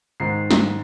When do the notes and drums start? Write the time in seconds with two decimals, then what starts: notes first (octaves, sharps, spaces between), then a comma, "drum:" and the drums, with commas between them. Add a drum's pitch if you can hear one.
0.20 G#2 D#3 C7
0.51 drum: snare